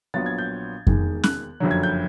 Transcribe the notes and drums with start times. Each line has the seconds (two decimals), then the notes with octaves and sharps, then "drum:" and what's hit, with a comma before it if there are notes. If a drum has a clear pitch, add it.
0.14 A#1 A#2 F#3 B3 A6
0.26 G#6
0.38 G6
0.87 E1 D#2 D#3 G#3, drum: kick F2
1.24 F#6, drum: snare C#4
1.60 F#1 F2 D3 F#3
1.71 G#6
1.83 G6